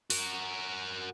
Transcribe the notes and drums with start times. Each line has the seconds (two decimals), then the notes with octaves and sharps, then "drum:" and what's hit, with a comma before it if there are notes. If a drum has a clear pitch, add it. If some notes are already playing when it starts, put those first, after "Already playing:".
0.10 F#4 A#4, drum: open hi-hat